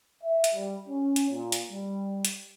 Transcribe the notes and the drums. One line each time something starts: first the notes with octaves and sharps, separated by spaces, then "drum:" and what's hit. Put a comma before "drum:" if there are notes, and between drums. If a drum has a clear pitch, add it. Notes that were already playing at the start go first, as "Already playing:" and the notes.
E5
drum: hi-hat
G3
C#4
drum: hi-hat
A#2
drum: hi-hat
G3
drum: hi-hat